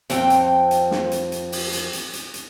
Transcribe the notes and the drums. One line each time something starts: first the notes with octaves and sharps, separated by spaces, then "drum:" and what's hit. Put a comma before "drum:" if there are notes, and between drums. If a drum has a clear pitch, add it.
F2 C4 G5, drum: hi-hat
drum: hi-hat
drum: hi-hat
drum: snare
drum: hi-hat
drum: hi-hat
drum: open hi-hat
drum: hi-hat
drum: hi-hat
drum: hi-hat
drum: hi-hat